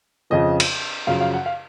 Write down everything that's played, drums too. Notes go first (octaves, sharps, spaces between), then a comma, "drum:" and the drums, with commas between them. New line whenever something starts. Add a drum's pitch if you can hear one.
F2 C#3 F3 D#5
drum: cymbal
F#2 C#3 F3 F5
F5
F#5
F5